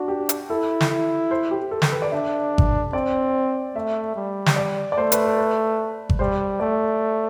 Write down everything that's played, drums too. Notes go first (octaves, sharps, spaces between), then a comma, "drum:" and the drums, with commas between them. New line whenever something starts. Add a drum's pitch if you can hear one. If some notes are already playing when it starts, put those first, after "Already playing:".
Already playing: D4 F#4
G4
drum: hi-hat
E4 A4
drum: snare
E4
C5
G4
A4
A4, drum: snare
B4
D5
D4 E5
drum: kick G#1
C4 D5
A3 E5
G3
drum: snare
D5
D5
A3 C5
B4, drum: hi-hat
B4
B4
drum: kick G#1
G3 C5
A3 D5